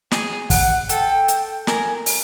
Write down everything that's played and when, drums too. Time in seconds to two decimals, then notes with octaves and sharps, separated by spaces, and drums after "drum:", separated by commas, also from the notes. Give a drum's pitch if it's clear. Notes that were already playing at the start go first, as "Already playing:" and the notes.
0.11 G#4, drum: snare
0.50 F#5, drum: kick, open hi-hat
0.89 A4 G5, drum: hi-hat
1.28 drum: hi-hat
1.67 A#4 G#5, drum: snare
2.06 drum: open hi-hat